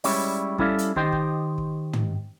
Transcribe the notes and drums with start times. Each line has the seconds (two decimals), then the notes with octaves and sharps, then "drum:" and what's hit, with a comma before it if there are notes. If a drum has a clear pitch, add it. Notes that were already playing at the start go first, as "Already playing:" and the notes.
0.04 G3 G#3 C#4 E4 C#5 D5, drum: open hi-hat
0.58 G3 C#4 E4 A4 D5 F5, drum: kick
0.79 drum: hi-hat
0.96 D#3 G4 C5 D#5 G5, drum: kick
1.12 drum: kick
1.58 drum: kick
1.93 drum: tom